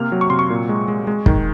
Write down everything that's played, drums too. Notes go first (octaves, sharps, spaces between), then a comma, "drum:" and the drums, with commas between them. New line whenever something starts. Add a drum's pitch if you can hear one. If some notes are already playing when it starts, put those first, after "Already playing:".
Already playing: C3 A#3 F6
F#3
C#6
C3 C6
C#6
A#2
G#3
G#3
G#3
D#3, drum: kick